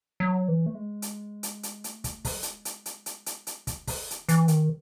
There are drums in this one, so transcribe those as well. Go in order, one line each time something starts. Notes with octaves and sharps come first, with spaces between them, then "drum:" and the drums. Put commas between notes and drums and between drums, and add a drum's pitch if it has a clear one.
F#3
E3
A3
G#3
drum: hi-hat
drum: hi-hat
drum: hi-hat
A3, drum: hi-hat
drum: kick, hi-hat
G#3, drum: kick, open hi-hat
F#3
G#3, drum: hi-hat
drum: hi-hat
drum: hi-hat
drum: hi-hat
drum: hi-hat
drum: hi-hat
drum: kick, hi-hat
drum: kick, open hi-hat
C#3, drum: hi-hat
D#3
E3, drum: hi-hat
D#3, drum: hi-hat